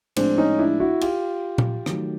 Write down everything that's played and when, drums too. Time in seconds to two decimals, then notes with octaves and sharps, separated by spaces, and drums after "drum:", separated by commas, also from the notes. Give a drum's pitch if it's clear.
0.16 A2 F3 G#3 C4 D4, drum: cymbal
0.38 C#4 D#4
0.59 D4 E4
0.80 E4 F#4
1.01 F4 G4, drum: cymbal
1.58 drum: tom A#2
1.86 D#3 F#3 A3, drum: rim click